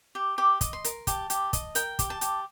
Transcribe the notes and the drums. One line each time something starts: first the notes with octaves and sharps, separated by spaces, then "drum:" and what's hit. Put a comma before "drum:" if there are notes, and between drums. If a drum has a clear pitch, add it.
G4
G4 D6
D#5, drum: kick, hi-hat
C6
A#4, drum: hi-hat
G4 A5, drum: kick, hi-hat
G4, drum: hi-hat
D#5, drum: kick, hi-hat
A#4 G5, drum: hi-hat
G4, drum: kick, hi-hat
A5
G4, drum: hi-hat